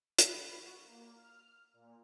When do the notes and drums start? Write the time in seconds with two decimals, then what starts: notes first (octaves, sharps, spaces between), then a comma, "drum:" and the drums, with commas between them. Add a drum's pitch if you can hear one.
0.19 B5, drum: hi-hat
0.54 F#4
0.83 A#3
1.16 F6
1.73 A#2